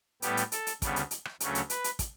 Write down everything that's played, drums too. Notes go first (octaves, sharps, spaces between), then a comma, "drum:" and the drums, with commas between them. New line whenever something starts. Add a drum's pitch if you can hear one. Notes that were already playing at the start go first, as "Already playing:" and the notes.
A2 G3 B3 G4, drum: hi-hat
drum: hi-hat
A4, drum: hi-hat
drum: hi-hat
D2 C#3 G3 B3, drum: kick, hi-hat
drum: hi-hat
drum: hi-hat
drum: rim click
D2 C#3 F#3 A3 C#4, drum: hi-hat
drum: hi-hat
B4, drum: hi-hat
drum: hi-hat
drum: kick, hi-hat